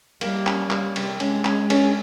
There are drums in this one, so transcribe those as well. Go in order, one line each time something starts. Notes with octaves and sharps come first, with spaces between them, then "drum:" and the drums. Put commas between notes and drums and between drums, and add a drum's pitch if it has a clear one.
G3 A#3, drum: cymbal
C#4, drum: clap
G3 A#3, drum: clap
C3, drum: cymbal
G#3 C#4, drum: cymbal
C#4, drum: clap
C#4, drum: cymbal